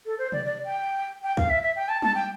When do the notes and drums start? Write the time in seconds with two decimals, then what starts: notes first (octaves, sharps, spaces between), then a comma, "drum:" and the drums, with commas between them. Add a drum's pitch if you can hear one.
0.06 A4
0.18 C5
0.32 D5, drum: tom C3
0.45 D5
0.65 G5
1.24 G5
1.37 F5, drum: kick
1.49 E5
1.63 E5
1.76 G5
1.89 A5
2.02 A5, drum: tom G3
2.15 G5